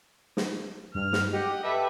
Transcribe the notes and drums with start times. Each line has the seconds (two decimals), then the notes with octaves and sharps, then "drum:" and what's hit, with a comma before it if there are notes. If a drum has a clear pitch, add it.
0.37 drum: snare
0.95 G2 F6
1.13 drum: snare
1.33 G4 D#5 F#5
1.63 A4 B4 E5